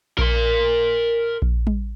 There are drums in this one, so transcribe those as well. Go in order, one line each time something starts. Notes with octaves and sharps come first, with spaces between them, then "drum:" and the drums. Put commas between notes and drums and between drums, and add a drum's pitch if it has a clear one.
A#4 C6, drum: kick A#1
drum: kick A#1
drum: tom G3